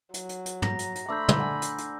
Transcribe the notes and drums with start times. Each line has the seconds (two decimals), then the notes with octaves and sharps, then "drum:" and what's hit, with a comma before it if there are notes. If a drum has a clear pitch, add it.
0.14 F#3, drum: hi-hat
0.29 drum: hi-hat
0.46 drum: hi-hat
0.62 A#5 A#6, drum: tom
0.79 drum: hi-hat
0.95 drum: hi-hat
1.09 A3 D4 C5 B5 D6 E6 G6
1.29 drum: tom
1.38 D5 F#5 G#5
1.62 drum: hi-hat
1.78 drum: hi-hat